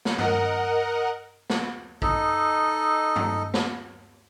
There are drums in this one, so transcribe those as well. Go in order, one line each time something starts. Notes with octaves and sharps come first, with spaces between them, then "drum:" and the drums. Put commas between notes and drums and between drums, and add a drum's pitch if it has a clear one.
drum: snare
A#4 D#5 F#5, drum: tom
drum: snare
D#4 A4 D#5, drum: kick A1
drum: tom
drum: snare